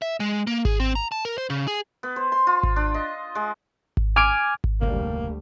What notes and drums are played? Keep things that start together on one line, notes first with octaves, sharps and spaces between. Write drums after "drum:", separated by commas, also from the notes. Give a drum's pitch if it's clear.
E5
G#3
A#3
G#4, drum: kick G#1
C4
A#5
A5
A#4
C5
C#3
G#4
B3
C5
C6
F4
drum: kick G#1
D4
D#5
G#3
drum: kick G#1
G#5 D6 F6 G#6 D7
drum: kick G#1
F1 D2 A2 C#3 G3 A#3